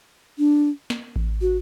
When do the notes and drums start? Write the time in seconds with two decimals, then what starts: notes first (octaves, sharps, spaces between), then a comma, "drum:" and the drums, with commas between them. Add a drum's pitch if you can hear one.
0.38 D4
0.90 drum: snare
1.16 drum: kick A1
1.41 F#4